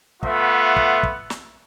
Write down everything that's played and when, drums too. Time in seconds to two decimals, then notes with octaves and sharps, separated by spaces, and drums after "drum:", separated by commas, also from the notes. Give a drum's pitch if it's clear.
0.23 A3 B3 F4 E5 F#5, drum: kick
0.76 drum: kick
1.03 drum: kick
1.30 drum: snare